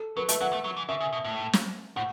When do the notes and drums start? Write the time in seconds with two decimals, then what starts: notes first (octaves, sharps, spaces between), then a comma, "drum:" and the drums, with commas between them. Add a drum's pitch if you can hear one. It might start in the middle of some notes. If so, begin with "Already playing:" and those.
Already playing: A4
0.17 F#3 B4
0.29 A3 E5, drum: hi-hat
0.41 F#3 F#5
0.53 A3
0.64 F#3
0.77 E3
0.89 C#3 E5
1.00 C#3
1.13 B2
1.24 A2
1.53 drum: snare
1.96 A2 F#5